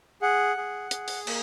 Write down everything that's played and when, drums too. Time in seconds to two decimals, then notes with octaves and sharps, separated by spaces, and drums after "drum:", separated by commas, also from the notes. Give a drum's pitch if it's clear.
0.22 G#4 F#5
0.57 G#4
0.91 G#4, drum: hi-hat
1.08 drum: open hi-hat
1.27 A#3, drum: cymbal